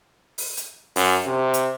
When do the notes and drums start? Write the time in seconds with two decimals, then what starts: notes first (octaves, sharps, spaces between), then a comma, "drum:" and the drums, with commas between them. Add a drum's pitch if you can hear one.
0.38 drum: open hi-hat
0.57 drum: hi-hat
0.96 F#2, drum: open hi-hat
1.26 C3
1.54 drum: hi-hat